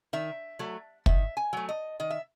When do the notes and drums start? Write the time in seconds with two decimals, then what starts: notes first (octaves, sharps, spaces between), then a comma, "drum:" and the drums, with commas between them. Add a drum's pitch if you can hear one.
0.13 D#3 E5
0.59 F#3 A3
1.06 D#3 E5, drum: kick
1.37 G#5
1.53 F#3 A3
1.69 D#5
2.00 D#3 D#5
2.10 E5